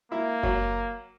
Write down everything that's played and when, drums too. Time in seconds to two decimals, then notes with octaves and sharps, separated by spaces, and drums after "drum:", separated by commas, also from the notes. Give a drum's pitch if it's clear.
0.12 A#3 E4
0.43 F#3, drum: kick F#1